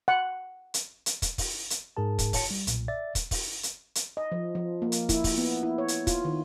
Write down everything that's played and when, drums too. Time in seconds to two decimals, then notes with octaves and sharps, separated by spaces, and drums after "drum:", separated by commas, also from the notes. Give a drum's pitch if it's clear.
0.08 F#5
0.74 drum: hi-hat
1.06 drum: hi-hat
1.22 drum: kick, hi-hat
1.38 drum: kick, open hi-hat
1.70 drum: hi-hat
1.97 G#2 G#4 A#4 A5
2.19 drum: kick, hi-hat
2.33 G1 C#5 A5 C#7, drum: kick, open hi-hat
2.51 G3
2.67 B1 A#2, drum: hi-hat
2.88 D5 E5 A6
3.15 drum: kick, hi-hat
3.31 drum: kick, open hi-hat
3.63 drum: hi-hat
3.95 drum: hi-hat
4.17 D#5
4.32 F3
4.55 F3
4.82 A#3
4.92 drum: hi-hat
5.09 E4, drum: kick, hi-hat
5.24 drum: kick, open hi-hat
5.38 B3
5.63 E4
5.78 C#5
5.88 drum: hi-hat
6.07 F4, drum: kick, hi-hat
6.25 D#3